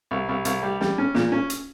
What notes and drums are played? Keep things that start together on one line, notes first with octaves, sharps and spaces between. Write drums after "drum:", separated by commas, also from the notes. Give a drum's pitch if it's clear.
C2
C2
C2, drum: hi-hat
G3
G3, drum: snare
C#4
A#2, drum: snare
C#4
drum: hi-hat